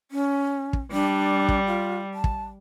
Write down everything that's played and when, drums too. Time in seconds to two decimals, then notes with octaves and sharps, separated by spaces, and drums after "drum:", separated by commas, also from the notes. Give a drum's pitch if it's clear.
0.11 C#4
0.73 drum: kick
0.92 G3 D4
1.49 drum: kick
1.67 F4
2.14 A5
2.24 drum: kick